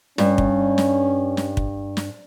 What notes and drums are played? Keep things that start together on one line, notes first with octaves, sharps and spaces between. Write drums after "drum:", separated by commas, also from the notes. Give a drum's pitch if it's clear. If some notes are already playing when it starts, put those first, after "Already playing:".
G2 C#4, drum: snare
drum: kick
drum: snare
drum: snare
drum: kick
drum: snare